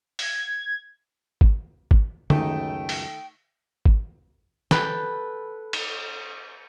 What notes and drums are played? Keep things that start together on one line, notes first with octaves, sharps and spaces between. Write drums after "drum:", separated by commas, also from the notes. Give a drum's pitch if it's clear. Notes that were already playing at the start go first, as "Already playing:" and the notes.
G#6, drum: open hi-hat
drum: kick G#1
drum: kick G#1
C#2 F#2 D#3 A3 D#4 G5, drum: tom
drum: open hi-hat
drum: kick G#1
A4 B4 G5, drum: snare
drum: cymbal